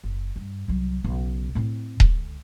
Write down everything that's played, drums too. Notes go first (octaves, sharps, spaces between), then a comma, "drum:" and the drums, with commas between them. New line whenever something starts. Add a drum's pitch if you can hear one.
F#1
G2
C2 F#3
B1 C#3
A2 C4
C#2 D3, drum: kick D#1